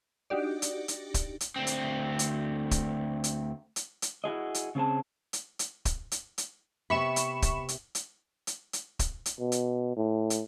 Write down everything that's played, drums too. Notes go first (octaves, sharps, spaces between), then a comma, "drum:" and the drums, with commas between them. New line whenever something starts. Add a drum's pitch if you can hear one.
D4 D#4 F#4 G4 D5
drum: hi-hat
drum: hi-hat
drum: kick, hi-hat
drum: hi-hat
D2 C4
drum: hi-hat
drum: hi-hat
drum: kick, hi-hat
drum: hi-hat
drum: hi-hat
drum: hi-hat
E4 F#4 G#4 D#5
drum: hi-hat
C#3 C4 G#4 A5
drum: hi-hat
drum: hi-hat
drum: kick, hi-hat
drum: hi-hat
drum: hi-hat
C3 B3 E5 B5 C#6 E7
drum: hi-hat
drum: kick, hi-hat
drum: hi-hat
drum: hi-hat
drum: hi-hat
drum: hi-hat
drum: kick, hi-hat
drum: hi-hat
B2
drum: hi-hat
A2
drum: hi-hat